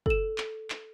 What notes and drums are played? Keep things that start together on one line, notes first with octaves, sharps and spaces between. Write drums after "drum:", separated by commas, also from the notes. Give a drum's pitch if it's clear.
A4 E7, drum: kick F#1
drum: clap
drum: clap